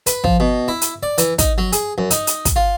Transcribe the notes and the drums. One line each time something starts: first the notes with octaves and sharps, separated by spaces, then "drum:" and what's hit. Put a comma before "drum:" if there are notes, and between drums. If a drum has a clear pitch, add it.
B4, drum: hi-hat
F3, drum: kick
B2
E4
drum: hi-hat
D5
E3, drum: hi-hat
D#4, drum: kick, hi-hat
F#3
G#4, drum: hi-hat
F#2
D#4, drum: hi-hat
drum: hi-hat
drum: kick, hi-hat
F4